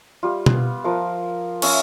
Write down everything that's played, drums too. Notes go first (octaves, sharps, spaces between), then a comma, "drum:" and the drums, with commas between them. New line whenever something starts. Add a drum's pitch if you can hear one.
G3 F4
B3, drum: tom B2
F3 A#4 F5
C#4 E5 F5, drum: cymbal